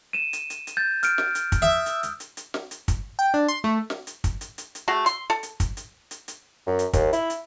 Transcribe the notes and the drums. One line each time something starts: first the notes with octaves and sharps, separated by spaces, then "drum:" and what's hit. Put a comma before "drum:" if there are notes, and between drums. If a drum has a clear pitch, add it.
D#7 E7
drum: hi-hat
drum: hi-hat
drum: hi-hat
G6 A6
F6 G6 D7, drum: hi-hat
drum: snare
drum: hi-hat
drum: kick, hi-hat
E5 D#6 E6
drum: hi-hat
drum: hi-hat
drum: hi-hat
drum: hi-hat
drum: snare
drum: hi-hat
drum: kick, hi-hat
G5
D4
C6
A3
drum: snare
drum: hi-hat
drum: kick, hi-hat
drum: hi-hat
drum: hi-hat
drum: hi-hat
A3 F#4 G#4
C6, drum: hi-hat
A4
drum: hi-hat
drum: kick, hi-hat
drum: hi-hat
drum: hi-hat
drum: hi-hat
F#2
drum: hi-hat
D#2, drum: kick, hi-hat
E4, drum: hi-hat
drum: hi-hat